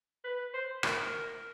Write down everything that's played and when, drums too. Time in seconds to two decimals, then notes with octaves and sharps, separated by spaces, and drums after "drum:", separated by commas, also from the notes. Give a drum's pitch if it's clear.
0.24 B4
0.54 C5
0.83 A#4, drum: rim click